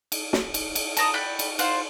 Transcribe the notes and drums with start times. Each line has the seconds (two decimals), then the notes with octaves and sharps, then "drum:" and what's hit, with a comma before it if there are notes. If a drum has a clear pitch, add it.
0.12 drum: cymbal
0.33 drum: snare
0.54 drum: cymbal
0.75 drum: cymbal
0.97 A5 A#5 D#6, drum: cymbal
1.14 D5 G5 B5 F#6
1.39 drum: cymbal
1.59 F4 C5 F#5, drum: cymbal